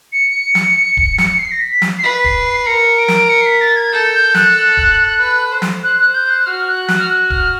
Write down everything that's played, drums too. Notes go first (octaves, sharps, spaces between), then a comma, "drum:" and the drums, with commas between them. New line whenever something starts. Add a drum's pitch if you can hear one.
C#7
drum: snare
drum: kick D1
drum: snare
C7
A#6
B6
drum: snare
C7
B4 B6
C7, drum: kick D1
C7
A#4 C#7
D7
drum: snare
C#7
C7
B6
A6
G#6
A4 G6
G6
F#6, drum: snare
drum: kick D1
B4
C5
drum: snare
C5 F#6
F#6
G6
F#6
F#4 F6
F#6
drum: snare
F6
F#6
F6, drum: kick D1